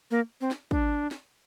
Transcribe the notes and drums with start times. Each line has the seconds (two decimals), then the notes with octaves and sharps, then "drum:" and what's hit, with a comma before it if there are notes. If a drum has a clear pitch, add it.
0.11 A#3
0.41 C4
0.51 drum: snare
0.71 D4, drum: kick
1.11 drum: snare